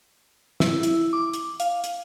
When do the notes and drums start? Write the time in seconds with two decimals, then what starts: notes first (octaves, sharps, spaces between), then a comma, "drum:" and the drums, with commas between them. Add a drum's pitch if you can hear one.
0.60 E4, drum: snare
0.83 E4, drum: hi-hat
1.13 D6
1.33 drum: hi-hat
1.60 F5, drum: hi-hat
1.84 drum: hi-hat